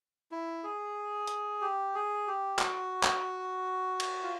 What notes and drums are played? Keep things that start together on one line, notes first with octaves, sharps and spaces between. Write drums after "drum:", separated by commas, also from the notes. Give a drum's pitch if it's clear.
E4
G#4
drum: hi-hat
G4
G#4
G4
F#4, drum: clap
drum: clap
drum: cymbal
F4